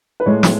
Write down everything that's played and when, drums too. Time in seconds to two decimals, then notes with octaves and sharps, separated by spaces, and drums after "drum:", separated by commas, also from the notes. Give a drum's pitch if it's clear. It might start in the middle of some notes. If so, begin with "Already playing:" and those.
0.20 B4
0.26 A2 G#3 C#5
0.43 drum: snare